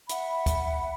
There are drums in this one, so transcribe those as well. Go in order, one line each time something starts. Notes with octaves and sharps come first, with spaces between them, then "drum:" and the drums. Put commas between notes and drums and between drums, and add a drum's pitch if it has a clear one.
E5 F#5 B5, drum: hi-hat
drum: kick D2, hi-hat